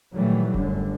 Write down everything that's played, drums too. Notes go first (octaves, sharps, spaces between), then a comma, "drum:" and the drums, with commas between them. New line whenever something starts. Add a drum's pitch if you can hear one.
A#2 D#3 E3 F#3 G3 A3
G1 F#2 D3, drum: kick E1